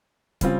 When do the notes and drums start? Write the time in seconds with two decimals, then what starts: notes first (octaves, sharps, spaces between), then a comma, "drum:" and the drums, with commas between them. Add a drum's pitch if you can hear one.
0.41 C#3 G3 C4 F4, drum: kick, hi-hat